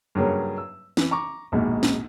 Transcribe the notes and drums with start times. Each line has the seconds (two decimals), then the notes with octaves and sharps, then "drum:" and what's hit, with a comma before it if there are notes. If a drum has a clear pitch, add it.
0.15 G2 C#3 F#3 A#3 C#4
0.58 E6
0.97 E3, drum: snare
1.11 A#5 C#6 D6
1.52 A#1 D#2 G#2 B2
1.83 drum: snare